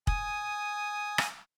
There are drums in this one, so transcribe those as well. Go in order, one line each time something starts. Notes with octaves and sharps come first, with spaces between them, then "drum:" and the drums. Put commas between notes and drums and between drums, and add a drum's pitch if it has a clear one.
G#5 D#6, drum: kick
drum: rim click